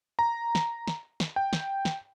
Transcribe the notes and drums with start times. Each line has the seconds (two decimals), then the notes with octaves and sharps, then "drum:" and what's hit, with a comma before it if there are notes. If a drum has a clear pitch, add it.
0.19 A#5
0.55 drum: snare
0.88 drum: snare
1.20 drum: snare
1.36 G5
1.53 drum: snare
1.85 drum: snare